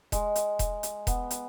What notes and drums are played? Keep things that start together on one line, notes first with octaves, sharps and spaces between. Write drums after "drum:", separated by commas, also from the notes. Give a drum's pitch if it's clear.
G#3, drum: kick E1, hi-hat
drum: hi-hat
drum: kick E1, hi-hat
drum: hi-hat
B3, drum: kick E1, hi-hat
drum: hi-hat